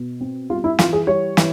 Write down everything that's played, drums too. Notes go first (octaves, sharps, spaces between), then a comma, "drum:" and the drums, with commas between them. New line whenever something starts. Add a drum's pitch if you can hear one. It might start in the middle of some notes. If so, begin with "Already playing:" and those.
Already playing: B2
C4
G3 F4
E4
E3 F4, drum: snare
G#4
G3 C#5
E3, drum: snare